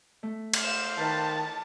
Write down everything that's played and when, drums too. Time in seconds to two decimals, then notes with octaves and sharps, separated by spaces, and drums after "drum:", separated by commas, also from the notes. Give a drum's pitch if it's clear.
0.23 A3
0.54 drum: cymbal
0.63 C5 F5 E7
0.98 D#3 B4 A5